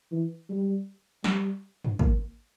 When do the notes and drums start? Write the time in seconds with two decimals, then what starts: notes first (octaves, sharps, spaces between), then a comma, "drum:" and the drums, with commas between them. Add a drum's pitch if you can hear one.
0.12 E3
0.50 G3
1.24 G3, drum: snare
1.85 drum: tom F#2
1.99 A#3, drum: kick